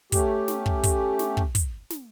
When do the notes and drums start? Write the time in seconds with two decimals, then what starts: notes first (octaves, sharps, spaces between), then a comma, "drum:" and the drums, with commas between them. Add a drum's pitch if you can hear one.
0.12 A3 C#4 G4, drum: kick, hi-hat
0.48 drum: snare
0.66 drum: kick
0.83 drum: kick, hi-hat
1.19 drum: snare
1.37 drum: kick
1.55 drum: kick, hi-hat
1.90 drum: snare